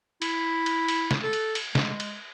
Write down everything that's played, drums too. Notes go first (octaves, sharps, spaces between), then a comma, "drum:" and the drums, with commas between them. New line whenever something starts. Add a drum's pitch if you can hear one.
E4, drum: cymbal
drum: cymbal
drum: cymbal
drum: snare
A4
drum: cymbal
drum: cymbal
G#3, drum: snare
drum: cymbal